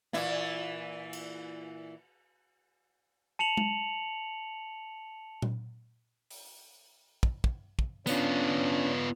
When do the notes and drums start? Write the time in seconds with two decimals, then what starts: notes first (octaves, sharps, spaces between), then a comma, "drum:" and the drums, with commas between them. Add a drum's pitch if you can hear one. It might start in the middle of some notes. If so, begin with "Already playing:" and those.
0.13 A#2 E3 E4, drum: snare
1.13 drum: cymbal
3.39 A5 C#7 F7 F#7
3.57 drum: tom G#3
5.42 drum: tom A#2
6.31 drum: open hi-hat
7.23 drum: kick
7.44 drum: kick
7.79 drum: kick
8.07 B3 C#4 D4 F4, drum: tambourine